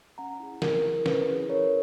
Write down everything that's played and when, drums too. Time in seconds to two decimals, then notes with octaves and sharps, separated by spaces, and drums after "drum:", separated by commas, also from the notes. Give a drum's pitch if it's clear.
0.18 C#4 F#5 A#5
0.40 E4 G#4
0.62 C#4 A#4, drum: snare
0.84 E4 G#4 A#4
1.06 C#4 B4, drum: snare
1.27 E4 G#4
1.49 C#4 A#4 C#5